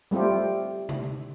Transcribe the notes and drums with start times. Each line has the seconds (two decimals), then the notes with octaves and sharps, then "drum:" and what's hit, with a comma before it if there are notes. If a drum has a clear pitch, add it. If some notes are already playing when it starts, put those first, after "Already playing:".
0.11 G3 A3 C4 F4 G4
0.89 drum: tom C3